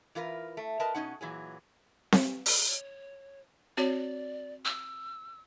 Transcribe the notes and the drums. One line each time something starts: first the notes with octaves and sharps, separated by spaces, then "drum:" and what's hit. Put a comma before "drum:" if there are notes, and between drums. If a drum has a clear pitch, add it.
E3 F4 A#4 B4
A3
A#4 B4 D#5 A5
B2 E3 C#4 D#4 F#5
A#2 E3 F#3 G#4
drum: snare C4
drum: open hi-hat
C#5
C4 F#4 C#5 D5
E6